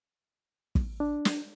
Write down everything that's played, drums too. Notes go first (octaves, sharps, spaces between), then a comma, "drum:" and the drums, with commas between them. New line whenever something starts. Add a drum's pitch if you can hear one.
drum: kick
D4
drum: snare